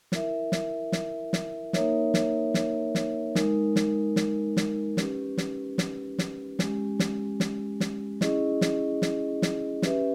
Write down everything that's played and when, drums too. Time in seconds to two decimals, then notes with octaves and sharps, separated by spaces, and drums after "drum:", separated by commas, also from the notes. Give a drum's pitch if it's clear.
0.12 E4 A#4 E5, drum: snare
0.52 drum: snare
0.92 drum: snare
1.33 drum: snare
1.73 A#3 D#4 A#4 C#5 E5, drum: snare
2.14 drum: snare
2.54 drum: snare
2.95 drum: snare
3.35 G#3 D#4 A#4, drum: snare
3.76 drum: snare
4.16 drum: snare
4.57 drum: snare
4.97 C#4 G4 B4, drum: snare
5.38 drum: snare
5.78 drum: snare
6.18 drum: snare
6.59 G#3 C#4 G4, drum: snare
6.99 drum: snare
7.40 drum: snare
7.80 drum: snare
8.21 C#4 E4 G#4 D#5, drum: snare
8.61 drum: snare
9.02 drum: snare
9.42 drum: snare
9.82 C#4 G4 B4 E5, drum: snare